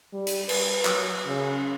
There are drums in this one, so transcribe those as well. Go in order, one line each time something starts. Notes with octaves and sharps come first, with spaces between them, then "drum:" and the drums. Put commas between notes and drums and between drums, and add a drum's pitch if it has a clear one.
G3
drum: hi-hat
B4, drum: cymbal
F#3, drum: clap
C#3